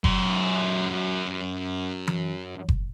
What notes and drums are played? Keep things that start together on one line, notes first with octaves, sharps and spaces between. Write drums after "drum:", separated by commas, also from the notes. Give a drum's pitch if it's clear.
F#2 C6, drum: kick F#1
drum: tom E3
drum: kick F#1